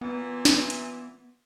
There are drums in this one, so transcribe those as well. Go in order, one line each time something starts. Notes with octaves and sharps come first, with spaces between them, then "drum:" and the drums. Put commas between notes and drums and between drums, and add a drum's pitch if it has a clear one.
A#2 E3 B3
drum: snare
drum: hi-hat